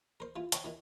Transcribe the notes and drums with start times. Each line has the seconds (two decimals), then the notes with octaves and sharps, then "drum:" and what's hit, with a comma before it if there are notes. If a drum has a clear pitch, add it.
0.20 A#4 C5
0.36 E3 F4
0.52 C5 C#5 G5 A#5, drum: hi-hat
0.64 D#3 E3